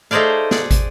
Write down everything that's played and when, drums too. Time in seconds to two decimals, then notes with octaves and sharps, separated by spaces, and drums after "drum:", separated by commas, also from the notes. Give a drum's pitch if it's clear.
0.11 A3 D#4 G#4 C5 D5 F5
0.51 G#4 D5 F#5, drum: snare
0.71 drum: kick, hi-hat